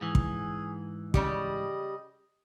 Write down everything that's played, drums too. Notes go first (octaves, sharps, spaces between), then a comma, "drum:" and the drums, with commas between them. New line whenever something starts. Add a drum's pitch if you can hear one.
G#2 E3 G#4
drum: kick
C#3 G3 G4 D#5, drum: kick